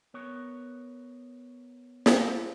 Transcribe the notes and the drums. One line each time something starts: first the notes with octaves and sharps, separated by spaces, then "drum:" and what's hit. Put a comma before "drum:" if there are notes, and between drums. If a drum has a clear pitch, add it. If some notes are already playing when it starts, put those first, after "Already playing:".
B3 A#4 C#5
drum: snare